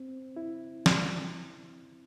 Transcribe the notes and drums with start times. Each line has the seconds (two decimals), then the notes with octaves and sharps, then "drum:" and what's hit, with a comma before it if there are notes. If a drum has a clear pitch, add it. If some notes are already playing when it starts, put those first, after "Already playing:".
Already playing: C4
0.37 E4
0.86 drum: snare